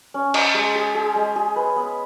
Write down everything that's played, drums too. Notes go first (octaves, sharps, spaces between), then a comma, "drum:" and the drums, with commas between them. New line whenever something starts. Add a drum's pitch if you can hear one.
C#4
D#5, drum: cymbal
G#3
G#4
G#4
G#3
G#4
B4
B3